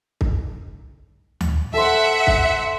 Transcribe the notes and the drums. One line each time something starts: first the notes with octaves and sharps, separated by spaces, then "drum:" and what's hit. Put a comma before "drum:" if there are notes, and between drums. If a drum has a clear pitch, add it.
drum: kick C2
drum: tom D2
A4 C5 E5 F#5
drum: kick C2